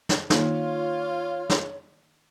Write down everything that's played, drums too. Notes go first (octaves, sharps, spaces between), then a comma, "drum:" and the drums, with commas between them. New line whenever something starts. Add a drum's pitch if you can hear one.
drum: snare
D#3 A#3 D#4 F4 C#5, drum: snare
drum: snare